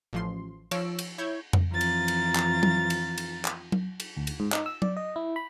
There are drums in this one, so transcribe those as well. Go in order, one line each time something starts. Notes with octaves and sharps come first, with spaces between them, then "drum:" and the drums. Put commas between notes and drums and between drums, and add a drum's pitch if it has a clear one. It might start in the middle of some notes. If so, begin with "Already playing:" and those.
A1 F3 C6
F3 C#5 E6 D7, drum: cymbal
drum: cymbal
E4 C#5 G6 G#6
drum: tom F2
F2 E3 F4 A#5 A6
drum: cymbal
drum: cymbal
drum: clap
drum: tom F#3
drum: cymbal
drum: cymbal
drum: clap
drum: tom F#3
drum: cymbal
D2
drum: cymbal
G#2
D#4, drum: clap
E6
D5, drum: tom F#3
D#5
E4
B5